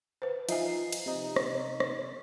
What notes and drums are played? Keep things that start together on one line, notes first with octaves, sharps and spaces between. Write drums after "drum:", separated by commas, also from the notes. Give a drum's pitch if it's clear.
B4 C5
F3 D#4 E5 G#5 C7, drum: cymbal
drum: cymbal
C3 D#4
drum: rim click
drum: rim click